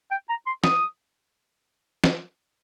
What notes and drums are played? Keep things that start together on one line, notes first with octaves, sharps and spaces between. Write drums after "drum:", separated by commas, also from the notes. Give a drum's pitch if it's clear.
G5
A#5
C6
D#6, drum: snare
drum: snare